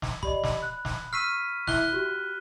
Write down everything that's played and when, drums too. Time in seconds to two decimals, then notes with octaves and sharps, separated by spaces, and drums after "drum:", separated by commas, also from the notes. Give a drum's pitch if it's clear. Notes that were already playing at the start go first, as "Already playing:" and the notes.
0.02 drum: snare
0.23 G4 D5 D#5 B5, drum: kick
0.44 drum: snare
0.62 F#6
0.85 drum: snare
1.13 C#6 E6 F6 B6 C7 D#7
1.67 E4 E5 F#6 G7, drum: snare
1.93 F#4 G4